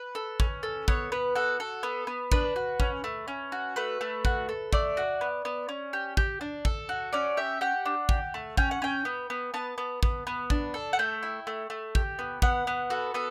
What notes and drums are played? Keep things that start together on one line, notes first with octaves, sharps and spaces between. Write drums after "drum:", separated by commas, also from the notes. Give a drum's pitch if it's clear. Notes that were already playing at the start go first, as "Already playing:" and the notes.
Already playing: B4
A4
C#4, drum: kick
A4
B3 C#5, drum: kick
B3 B4
F#4 A4
A4
B3
B3
D4 B4, drum: kick
F#4
C#4, drum: kick
A3
C#4
F#4
A3 B4
A3
F#4, drum: kick
A4
A3 D5, drum: kick
F#4
B3
B3
C#4
G4
G4, drum: kick
D4
A4, drum: kick
F#4
C#4 D5
G4 E5
G4 F#5
D4
G4, drum: kick
A3
C#4 G5, drum: kick
F#5
C#4 G5
B3
B3
B3 A5
B3
B3, drum: kick
B3
D4, drum: kick
A4
F#5
A3 G5
E4
A3
A3
G4, drum: kick
B3
B3 F#5, drum: kick
B3
F#4 A4
B3 A4